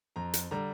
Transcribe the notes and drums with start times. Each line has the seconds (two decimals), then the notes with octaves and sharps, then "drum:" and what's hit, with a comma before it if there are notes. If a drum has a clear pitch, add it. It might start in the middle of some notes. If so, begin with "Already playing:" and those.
0.16 F2 A#5
0.34 drum: hi-hat
0.51 D3 G3 A#5